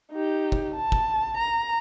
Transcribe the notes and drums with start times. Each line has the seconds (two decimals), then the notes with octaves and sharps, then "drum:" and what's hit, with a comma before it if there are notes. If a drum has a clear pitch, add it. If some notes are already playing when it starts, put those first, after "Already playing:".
0.12 D#4 G4
0.52 drum: kick
0.76 A5
0.92 drum: kick
1.37 A#5